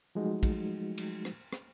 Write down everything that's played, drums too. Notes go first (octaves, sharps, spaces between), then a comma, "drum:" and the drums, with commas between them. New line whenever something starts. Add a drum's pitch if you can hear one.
F3 F#3 G#3 A3 D#4 F#4
drum: kick, cymbal
drum: cymbal
drum: rim click
drum: rim click